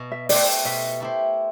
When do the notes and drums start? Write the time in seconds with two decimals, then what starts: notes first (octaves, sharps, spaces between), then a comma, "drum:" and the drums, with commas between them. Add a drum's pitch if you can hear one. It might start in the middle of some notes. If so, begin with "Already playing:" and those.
Already playing: B2
0.12 E5
0.29 A3 E4 G4 C5 D5, drum: open hi-hat
0.65 B2 E5
1.00 A3 E4 G4 C5